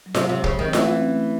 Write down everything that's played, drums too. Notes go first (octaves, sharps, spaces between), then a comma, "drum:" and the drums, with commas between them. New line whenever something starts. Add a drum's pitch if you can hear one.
F#3
C3 G#3, drum: snare F4
C3
C#3 G#3, drum: kick
D#3 C4
E3 A3, drum: snare F4
C#4
C4
A3